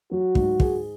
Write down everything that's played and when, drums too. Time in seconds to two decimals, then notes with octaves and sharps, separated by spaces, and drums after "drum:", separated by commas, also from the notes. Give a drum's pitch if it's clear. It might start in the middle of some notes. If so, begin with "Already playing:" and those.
0.11 F#3 F#4
0.35 G#2, drum: kick
0.60 G#4, drum: kick